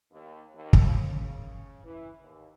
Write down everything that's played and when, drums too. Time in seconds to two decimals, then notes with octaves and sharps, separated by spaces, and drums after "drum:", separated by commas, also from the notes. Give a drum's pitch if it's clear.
0.11 D#2
0.54 D#2
0.73 drum: kick
1.05 C#3
1.84 E3
2.22 D#2